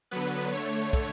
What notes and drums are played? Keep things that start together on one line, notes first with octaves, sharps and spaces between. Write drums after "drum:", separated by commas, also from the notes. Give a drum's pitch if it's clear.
D3 F#3 B3 B4
D3 A3 C#5
drum: kick